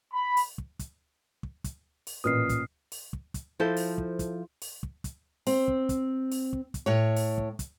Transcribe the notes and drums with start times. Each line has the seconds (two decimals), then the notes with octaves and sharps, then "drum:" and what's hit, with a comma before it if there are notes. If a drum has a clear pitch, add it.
0.13 B5
0.37 drum: open hi-hat
0.58 drum: kick
0.79 drum: kick, hi-hat
1.43 drum: kick
1.64 drum: kick, hi-hat
2.07 drum: open hi-hat
2.24 A1 A#2 B4 D#6 F6 C7
2.49 drum: kick, hi-hat
2.92 drum: open hi-hat
3.13 drum: kick
3.34 drum: kick, hi-hat
3.59 F3 E4 A4 C5
3.77 drum: open hi-hat
3.98 drum: kick
4.19 drum: kick, hi-hat
4.62 drum: open hi-hat
4.83 drum: kick
5.04 drum: kick, hi-hat
5.47 C4, drum: open hi-hat
5.68 drum: kick
5.89 drum: kick, hi-hat
6.32 drum: open hi-hat
6.53 drum: kick
6.74 drum: kick, hi-hat
6.86 A2 C#5
7.17 drum: open hi-hat
7.38 drum: kick
7.59 drum: kick, hi-hat